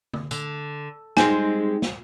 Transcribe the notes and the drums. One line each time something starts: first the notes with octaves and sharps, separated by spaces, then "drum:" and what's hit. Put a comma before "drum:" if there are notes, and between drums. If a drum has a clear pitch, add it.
drum: tom
D3, drum: tambourine
G3 G#3 C4 D#4 G#5, drum: snare
drum: snare